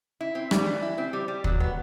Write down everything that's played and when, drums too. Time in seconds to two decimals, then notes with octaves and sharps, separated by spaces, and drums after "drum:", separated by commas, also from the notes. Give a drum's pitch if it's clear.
0.21 E4
0.35 C4
0.51 G3, drum: rim click
0.66 E3
0.82 E4
0.98 C4
1.13 G3
1.28 G3
1.44 F#3, drum: kick
1.60 B3